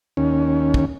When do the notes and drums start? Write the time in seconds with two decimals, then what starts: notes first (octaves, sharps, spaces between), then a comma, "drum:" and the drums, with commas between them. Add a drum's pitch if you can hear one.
0.17 D#2 C#4
0.74 drum: kick